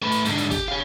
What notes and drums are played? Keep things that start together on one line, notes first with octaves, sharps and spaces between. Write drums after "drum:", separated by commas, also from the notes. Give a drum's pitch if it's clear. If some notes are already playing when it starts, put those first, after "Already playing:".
A3 B4
drum: hi-hat
G#2 D3, drum: hi-hat
drum: hi-hat
G4, drum: kick, hi-hat
C#5 F5